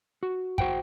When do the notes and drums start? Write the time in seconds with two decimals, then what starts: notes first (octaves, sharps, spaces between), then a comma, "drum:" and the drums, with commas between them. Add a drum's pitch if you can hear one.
0.23 F#4
0.58 F#4 C5 F#5 G5, drum: kick